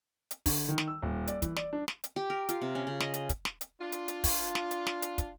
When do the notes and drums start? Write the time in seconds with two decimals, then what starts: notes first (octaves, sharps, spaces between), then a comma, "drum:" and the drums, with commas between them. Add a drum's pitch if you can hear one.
0.31 drum: hi-hat
0.46 D3, drum: kick, open hi-hat
0.69 D#3
0.78 drum: snare
0.88 E6
1.02 D#1
1.27 D5, drum: hi-hat
1.42 E3, drum: kick, hi-hat
1.56 D5, drum: snare
1.73 D4
1.88 drum: snare
2.04 drum: hi-hat
2.16 G4
2.30 A#4
2.49 F4, drum: hi-hat
2.62 C3
2.75 C#4
2.87 C#3
3.00 D#5, drum: snare
3.14 drum: hi-hat
3.29 drum: kick, hi-hat
3.45 drum: snare
3.61 drum: hi-hat
3.81 D4 F4
3.92 drum: hi-hat
4.08 drum: hi-hat
4.24 drum: kick, open hi-hat
4.55 drum: snare
4.71 drum: hi-hat
4.87 drum: snare
5.02 drum: hi-hat
5.18 drum: kick, hi-hat